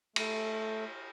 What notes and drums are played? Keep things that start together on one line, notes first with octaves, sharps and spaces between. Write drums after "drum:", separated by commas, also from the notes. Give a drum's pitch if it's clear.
A3, drum: cymbal